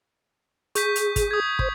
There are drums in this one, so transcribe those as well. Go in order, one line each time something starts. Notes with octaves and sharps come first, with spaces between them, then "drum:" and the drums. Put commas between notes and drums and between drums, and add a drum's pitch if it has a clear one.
G#4 C#6 G6 B6, drum: hi-hat
drum: hi-hat
drum: kick, hi-hat
D#6 G#6
C5, drum: kick